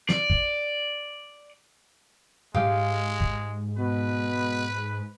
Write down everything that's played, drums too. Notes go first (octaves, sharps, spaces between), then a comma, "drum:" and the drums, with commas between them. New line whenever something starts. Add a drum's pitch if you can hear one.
D5, drum: snare
drum: kick
G#2 G#3 G4 F5, drum: tom A#2
drum: kick
B2 B4